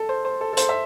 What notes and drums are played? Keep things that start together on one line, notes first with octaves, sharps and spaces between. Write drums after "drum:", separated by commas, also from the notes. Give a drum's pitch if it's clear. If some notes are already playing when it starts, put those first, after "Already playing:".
Already playing: A4
C5
C5
A4
A4
C5, drum: hi-hat
E5